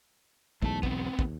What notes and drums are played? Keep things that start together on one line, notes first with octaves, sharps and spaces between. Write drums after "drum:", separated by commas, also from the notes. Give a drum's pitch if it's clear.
B1 E2 G#2 A3 A5, drum: kick
B3 C4, drum: kick
D#2, drum: kick